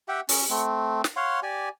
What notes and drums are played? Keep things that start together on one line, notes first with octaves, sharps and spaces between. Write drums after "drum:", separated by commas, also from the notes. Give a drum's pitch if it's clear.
G4 E5 F#5 G5
C#4, drum: open hi-hat
A3 C4
drum: snare
C#5 F5 F#5 C6
G4 D5 G#5